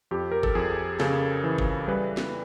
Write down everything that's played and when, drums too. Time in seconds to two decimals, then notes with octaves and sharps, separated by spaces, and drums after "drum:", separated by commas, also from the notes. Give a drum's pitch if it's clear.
0.11 F2 G4
0.32 A#4
0.43 A4, drum: kick
0.55 F2 G#4
1.00 C#3 A4, drum: snare
1.44 E3
1.58 drum: kick
1.88 G3 B4
2.17 drum: snare